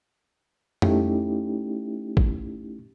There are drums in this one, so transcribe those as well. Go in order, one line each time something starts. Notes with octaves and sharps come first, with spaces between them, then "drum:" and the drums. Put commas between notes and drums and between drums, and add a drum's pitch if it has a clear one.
A3 C#4 D#4 E4 G4, drum: tom F2
drum: kick